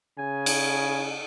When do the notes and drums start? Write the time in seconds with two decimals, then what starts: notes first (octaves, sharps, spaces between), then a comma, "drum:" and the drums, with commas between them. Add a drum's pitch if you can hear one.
0.18 C#3 G#5
0.46 drum: cymbal